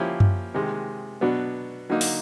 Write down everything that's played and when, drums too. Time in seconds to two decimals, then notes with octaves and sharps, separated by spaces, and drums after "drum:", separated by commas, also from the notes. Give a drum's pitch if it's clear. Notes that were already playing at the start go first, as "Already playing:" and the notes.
Already playing: F3 A#3 C#4 E4 G4
0.20 drum: tom F#2
0.54 C3 D#3 G#3
1.21 B2 F#3 B3 D4
1.90 D3 F#3 A#3 D#4
2.01 drum: open hi-hat